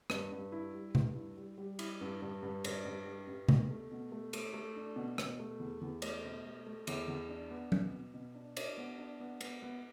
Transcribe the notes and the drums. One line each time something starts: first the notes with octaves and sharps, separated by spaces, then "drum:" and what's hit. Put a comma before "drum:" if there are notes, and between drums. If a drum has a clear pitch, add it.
G2, drum: rim click
G2
E4
G3
G2, drum: tom C3
E4
G3
G3
E4, drum: cymbal
G2
G2
G2
G2, drum: cymbal
G2
G3
G2
B2, drum: tom C3
A3
B2
A3
A3, drum: cymbal
A3
D4
B2
B2, drum: rim click
A3
E2
E2
A3, drum: cymbal
B2
A3
A3
E2, drum: cymbal
E2
D4
B3
B2, drum: tom F#3
B2
B2
D4
D4, drum: cymbal
B3
D4
B3
B3, drum: cymbal
B3